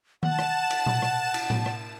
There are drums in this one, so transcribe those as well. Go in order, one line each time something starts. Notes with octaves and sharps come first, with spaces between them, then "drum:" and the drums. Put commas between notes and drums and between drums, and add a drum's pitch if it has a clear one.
F#5 A5 E7, drum: tom D#3
drum: rim click
drum: cymbal
drum: tom A#2
drum: rim click
drum: cymbal
drum: tom A2
drum: rim click